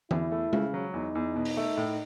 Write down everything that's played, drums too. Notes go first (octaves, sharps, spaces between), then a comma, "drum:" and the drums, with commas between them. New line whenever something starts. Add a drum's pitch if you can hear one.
E2 E4, drum: tom E3
A3
C#3, drum: tom G#3
F#3
E2 D#4
E2
B2
drum: open hi-hat
A3
A2